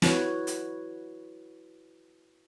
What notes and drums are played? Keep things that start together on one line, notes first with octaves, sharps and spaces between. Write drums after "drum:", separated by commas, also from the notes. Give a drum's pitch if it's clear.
E4 F#4 B4 C#5, drum: snare
drum: hi-hat